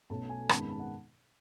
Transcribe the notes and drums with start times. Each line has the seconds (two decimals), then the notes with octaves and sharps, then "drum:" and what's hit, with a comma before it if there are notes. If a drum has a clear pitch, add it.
0.10 B1 B2 A3 C#4 A5
0.29 G#5
0.49 G#1 F#2 D#3 G#3 B3 A5, drum: rim click
0.60 B5
0.69 A5
0.79 F#5